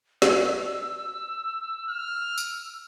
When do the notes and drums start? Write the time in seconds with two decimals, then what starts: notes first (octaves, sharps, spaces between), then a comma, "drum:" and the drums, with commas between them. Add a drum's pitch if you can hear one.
0.22 E6, drum: snare
1.89 F6
2.38 drum: tambourine